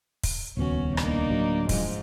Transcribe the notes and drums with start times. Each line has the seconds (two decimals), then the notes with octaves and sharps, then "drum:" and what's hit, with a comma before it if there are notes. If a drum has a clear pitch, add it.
0.23 drum: kick, open hi-hat
0.57 D#1 C#2 B3 C#4 F#4
0.97 A#3 D4 D#4, drum: rim click
1.30 D1 F#3
1.69 G#2 F3 G#3, drum: kick, open hi-hat